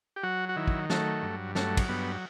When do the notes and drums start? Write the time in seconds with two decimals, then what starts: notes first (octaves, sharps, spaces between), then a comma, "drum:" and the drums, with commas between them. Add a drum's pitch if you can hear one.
0.16 G4
0.23 F#3 F#4
0.49 F#4
0.56 D#3 E4
0.67 drum: kick
0.90 F#3 A3, drum: snare
1.22 G2
1.55 F#3 A3, drum: snare
1.77 drum: kick, cymbal
1.89 G2 B3